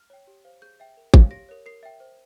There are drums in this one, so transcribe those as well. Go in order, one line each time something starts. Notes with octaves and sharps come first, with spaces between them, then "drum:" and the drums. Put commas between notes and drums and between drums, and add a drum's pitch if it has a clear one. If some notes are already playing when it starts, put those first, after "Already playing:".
Already playing: F6
C#5 G5
G4
C5 F5
G#4 G6
E5 G5
A#4
C#5 F5, drum: kick G#1
G4 A#6
A#4 C#5
A#4 C7
E5 G5
C5